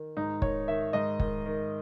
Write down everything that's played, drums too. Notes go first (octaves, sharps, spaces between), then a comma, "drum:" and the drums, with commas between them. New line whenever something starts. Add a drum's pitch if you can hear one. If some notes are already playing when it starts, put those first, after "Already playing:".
Already playing: D#3
G#2 D#4
D#3 C#5, drum: kick
D#3 E5
G#2 D#5
D#3, drum: kick
D#3